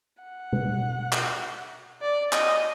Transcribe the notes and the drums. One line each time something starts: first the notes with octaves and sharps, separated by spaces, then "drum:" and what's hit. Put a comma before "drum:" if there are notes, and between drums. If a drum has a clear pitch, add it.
F#5
drum: tom B2
drum: clap
D5
D#5, drum: clap